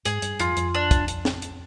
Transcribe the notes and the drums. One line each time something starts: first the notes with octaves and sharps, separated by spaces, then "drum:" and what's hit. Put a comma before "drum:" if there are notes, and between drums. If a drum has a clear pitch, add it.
G#2 G#4, drum: hi-hat
G2, drum: hi-hat
F2 F4, drum: hi-hat
F2, drum: hi-hat
D4
drum: kick, hi-hat
drum: hi-hat
drum: snare
drum: hi-hat